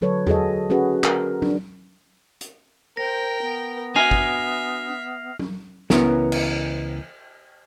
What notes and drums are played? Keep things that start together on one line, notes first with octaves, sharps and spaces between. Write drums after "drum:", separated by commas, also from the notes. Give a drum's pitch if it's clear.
D3 F#3 A4 B4 C#5
F#4 G#4 A4 D#5, drum: tom E2
C#4 F#4 G#4 B4
A#4, drum: clap
D4, drum: tom F#3
drum: hi-hat
A#4 C5 G5 A#6
B3
D4 F#4 E5 G#5 F6 C7 F7
drum: kick
drum: tom F#3
C#2 E3 B3 C#4 A#4, drum: snare
drum: cymbal